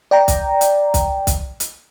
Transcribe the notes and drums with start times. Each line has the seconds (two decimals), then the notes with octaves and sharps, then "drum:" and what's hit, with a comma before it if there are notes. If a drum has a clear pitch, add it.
0.11 D5 G5 A#5
0.28 drum: kick, hi-hat
0.61 drum: hi-hat
0.94 drum: kick, hi-hat
1.27 drum: kick, hi-hat
1.60 drum: hi-hat